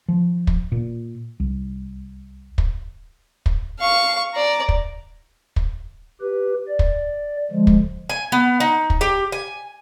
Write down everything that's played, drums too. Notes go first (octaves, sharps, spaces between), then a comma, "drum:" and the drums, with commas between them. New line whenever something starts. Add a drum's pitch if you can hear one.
F3
drum: kick
A#2
C2
drum: kick
drum: kick
F5 C#6
D5 A#5
drum: kick
drum: kick
G4 B4
D5
drum: kick
D3 F3 G#3
drum: kick
G#5
B3
D#4
drum: kick
G4
G#5